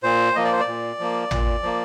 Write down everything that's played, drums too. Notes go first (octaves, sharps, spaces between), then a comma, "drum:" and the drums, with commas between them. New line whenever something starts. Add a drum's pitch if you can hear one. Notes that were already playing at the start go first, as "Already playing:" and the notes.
A#2 C5
F3 A#3 D#5
D5
C5
D5
A#2
F3 A#3
A#2, drum: tom
F3 A#3